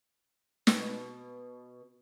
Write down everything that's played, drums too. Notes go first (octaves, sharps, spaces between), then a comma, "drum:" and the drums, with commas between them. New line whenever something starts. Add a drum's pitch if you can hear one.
B2, drum: snare